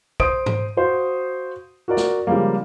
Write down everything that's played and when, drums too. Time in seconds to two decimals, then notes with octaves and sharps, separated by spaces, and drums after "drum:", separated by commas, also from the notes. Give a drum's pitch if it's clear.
0.20 C5 D#6 D7, drum: kick
0.46 drum: tom G#2
0.77 F#4 C5 F5
1.88 F#4 A#4 D5
1.97 drum: snare
2.27 C#3 F3 G3 G#3 A#3